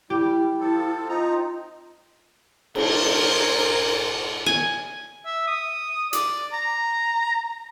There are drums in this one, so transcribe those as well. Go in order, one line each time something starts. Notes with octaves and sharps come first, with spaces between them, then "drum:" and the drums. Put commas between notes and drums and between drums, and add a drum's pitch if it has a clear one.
G3 E4 G4
F3 A4
C4 D#4 F4 A#5
A#4 C5, drum: cymbal
drum: cymbal
G#5
E5
D#6
D5, drum: hi-hat
A#5